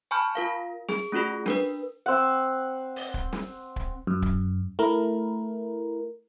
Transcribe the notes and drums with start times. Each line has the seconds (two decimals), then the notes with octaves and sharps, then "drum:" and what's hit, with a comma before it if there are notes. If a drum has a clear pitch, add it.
0.11 G#5 A5 B5 C#6 F6 G6
0.35 F4 A#4 F5
0.89 G#4, drum: snare
1.12 A3 C#4 F4 F#4 G#4
1.46 D4 A#4 B4, drum: snare
2.06 C4 F#5
2.96 drum: open hi-hat
3.14 drum: kick
3.33 drum: snare
3.76 drum: kick
4.07 F#2
4.22 drum: kick
4.79 A3 E4 A#4